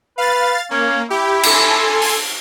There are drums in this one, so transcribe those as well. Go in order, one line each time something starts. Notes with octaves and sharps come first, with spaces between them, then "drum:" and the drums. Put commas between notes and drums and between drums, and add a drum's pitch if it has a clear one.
B4 F5 A6
A#3 C#4
E4 G4
A4 G#5 C6, drum: cymbal
drum: open hi-hat